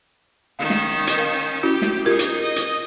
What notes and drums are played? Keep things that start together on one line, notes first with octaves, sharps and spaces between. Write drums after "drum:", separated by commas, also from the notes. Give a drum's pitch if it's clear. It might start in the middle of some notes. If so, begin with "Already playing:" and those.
D#3 C#4 F5
drum: snare
drum: hi-hat
A#4 F5
C#4 E4 F#4 G4
drum: snare
D#4 F4 G4 G#4 A#4
drum: hi-hat
D#5
drum: hi-hat